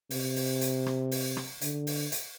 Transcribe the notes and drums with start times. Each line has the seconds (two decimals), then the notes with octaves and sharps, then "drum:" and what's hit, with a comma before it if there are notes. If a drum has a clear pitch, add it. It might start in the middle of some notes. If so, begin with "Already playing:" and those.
0.10 C3, drum: open hi-hat
0.36 drum: open hi-hat
0.61 drum: hi-hat
0.86 drum: rim click
1.11 drum: open hi-hat
1.37 drum: rim click
1.61 D3, drum: hi-hat
1.87 drum: open hi-hat
2.12 drum: hi-hat